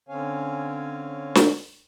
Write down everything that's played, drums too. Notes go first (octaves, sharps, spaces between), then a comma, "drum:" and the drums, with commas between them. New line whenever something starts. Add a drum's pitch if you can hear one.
D3 C4 C#4 C#5 F5 G#5
drum: snare